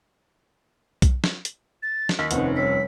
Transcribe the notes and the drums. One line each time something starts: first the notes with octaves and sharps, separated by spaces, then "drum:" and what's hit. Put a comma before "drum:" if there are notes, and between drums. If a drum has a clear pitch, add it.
drum: kick B1, hi-hat
drum: snare
drum: hi-hat
A6
drum: snare
D#2 B6
F1 C4 C#4 D#4 B4 F#5, drum: hi-hat
G3 C#5 E6 B6